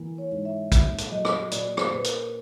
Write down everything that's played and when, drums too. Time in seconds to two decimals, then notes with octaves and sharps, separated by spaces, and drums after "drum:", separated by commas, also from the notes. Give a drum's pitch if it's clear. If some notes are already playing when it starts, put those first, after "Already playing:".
Already playing: E3 A#3
0.18 C#5
0.32 G#2
0.45 E5
0.72 A#2 E5, drum: kick, hi-hat
0.98 drum: hi-hat
1.12 F#3 D#5
1.25 drum: rim click
1.51 A#2 D5, drum: hi-hat
1.77 C5, drum: rim click
1.91 A#2 B4
2.04 A#4, drum: hi-hat